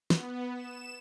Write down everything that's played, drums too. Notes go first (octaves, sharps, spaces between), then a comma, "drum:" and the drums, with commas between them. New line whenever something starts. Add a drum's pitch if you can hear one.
B3, drum: snare
E7